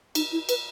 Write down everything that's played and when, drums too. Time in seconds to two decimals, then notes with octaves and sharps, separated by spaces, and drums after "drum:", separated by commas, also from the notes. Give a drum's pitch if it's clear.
0.15 D#4, drum: cymbal
0.32 E4
0.49 B4, drum: cymbal